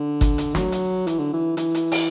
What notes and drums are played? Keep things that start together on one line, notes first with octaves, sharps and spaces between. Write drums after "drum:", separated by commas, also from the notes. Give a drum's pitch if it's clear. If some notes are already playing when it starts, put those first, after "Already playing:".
Already playing: D3
drum: kick G1, hi-hat
drum: hi-hat
F#3, drum: snare
drum: hi-hat
E3, drum: hi-hat
D3
E3
E3, drum: hi-hat
drum: hi-hat
drum: open hi-hat